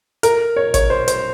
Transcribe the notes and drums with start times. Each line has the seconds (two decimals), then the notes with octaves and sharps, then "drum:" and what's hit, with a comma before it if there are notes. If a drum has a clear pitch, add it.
0.23 A#4, drum: hi-hat
0.56 C#5
0.74 C#5, drum: kick, hi-hat
0.90 C5
1.08 C5, drum: hi-hat